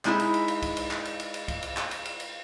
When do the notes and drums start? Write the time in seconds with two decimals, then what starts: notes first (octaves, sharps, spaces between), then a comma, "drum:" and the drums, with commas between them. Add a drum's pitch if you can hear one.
0.05 G#3 D#4 E4, drum: clap
0.19 drum: cymbal
0.34 drum: cymbal
0.48 drum: cymbal
0.62 drum: kick C2, cymbal
0.77 drum: cymbal
0.91 drum: clap
1.05 drum: cymbal
1.20 drum: cymbal
1.34 drum: cymbal
1.48 drum: kick C2, cymbal
1.63 drum: cymbal
1.77 drum: clap
1.91 drum: cymbal
2.05 drum: cymbal
2.20 drum: cymbal